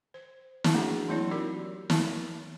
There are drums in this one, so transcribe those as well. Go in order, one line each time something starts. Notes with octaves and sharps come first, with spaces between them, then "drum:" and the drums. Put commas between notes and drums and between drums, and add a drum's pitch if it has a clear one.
C5
drum: snare
A3 A#3 C#4 D4 F#4 G#4
E3 F#3 A#3 C4 E4 C#5
D#4 F#4 G4 A#4 D5
drum: snare